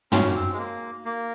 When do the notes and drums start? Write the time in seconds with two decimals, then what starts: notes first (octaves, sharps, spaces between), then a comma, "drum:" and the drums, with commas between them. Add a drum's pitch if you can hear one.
0.12 C#4 D#4 F#4 C#5 F#5, drum: tom
0.26 A#3
0.35 C4
0.53 G#3
0.58 A#3
1.05 A#3